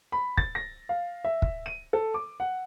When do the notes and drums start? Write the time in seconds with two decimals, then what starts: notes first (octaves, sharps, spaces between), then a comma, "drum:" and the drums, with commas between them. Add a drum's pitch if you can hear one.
0.12 B5
0.37 A6, drum: kick
0.55 A#6
0.89 F5
1.25 E5
1.42 drum: kick
1.66 D#7
1.93 A4
2.14 D6
2.40 F#5